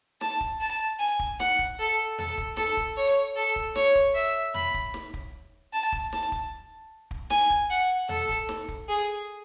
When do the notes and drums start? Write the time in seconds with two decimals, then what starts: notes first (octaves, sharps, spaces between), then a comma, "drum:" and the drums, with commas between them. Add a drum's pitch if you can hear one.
0.21 A5, drum: snare
0.41 drum: kick
0.60 A5
0.99 G#5
1.19 drum: kick
1.40 F#5, drum: snare
1.59 drum: kick
1.79 A4
2.19 A4, drum: tom E2
2.38 drum: kick
2.57 A4, drum: snare
2.77 drum: kick
2.97 C#5
3.36 A4
3.56 drum: kick
3.76 C#5, drum: snare
3.95 drum: kick
4.15 E5
4.54 B5, drum: tom E2
4.74 drum: kick
4.94 drum: snare
5.14 drum: kick
5.73 A5
5.92 drum: kick
6.13 A5, drum: snare
6.32 drum: kick
7.11 drum: kick
7.30 G#5, drum: snare
7.50 drum: kick
7.70 F#5
8.09 A4, drum: tom E2
8.29 drum: kick
8.49 drum: snare
8.68 drum: kick
8.89 G#4